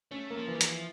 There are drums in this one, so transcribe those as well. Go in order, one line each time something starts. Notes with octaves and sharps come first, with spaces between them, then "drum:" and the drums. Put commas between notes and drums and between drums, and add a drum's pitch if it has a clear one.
A3 C#4
A#3
F3
E3
G3
F3, drum: hi-hat
E4